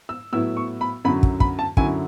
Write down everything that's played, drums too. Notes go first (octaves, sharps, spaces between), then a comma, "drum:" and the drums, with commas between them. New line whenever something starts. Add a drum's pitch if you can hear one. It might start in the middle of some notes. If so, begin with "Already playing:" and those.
E6
A2 F#3 B3 E4 E6
C#6
B5
F#2 D3 F#3 C#4 E4 B5
drum: kick
B5, drum: kick
A5
F#2 D3 F#3 C#4 E4 G#5, drum: kick